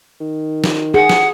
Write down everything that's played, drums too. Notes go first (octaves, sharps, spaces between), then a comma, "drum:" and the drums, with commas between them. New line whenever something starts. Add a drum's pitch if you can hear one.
D#3
drum: snare
G#4 F#5
drum: snare